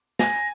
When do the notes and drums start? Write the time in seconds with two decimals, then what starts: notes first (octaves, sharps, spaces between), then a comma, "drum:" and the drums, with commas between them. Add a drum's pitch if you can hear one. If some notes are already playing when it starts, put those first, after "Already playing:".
0.19 G#5 A#6, drum: snare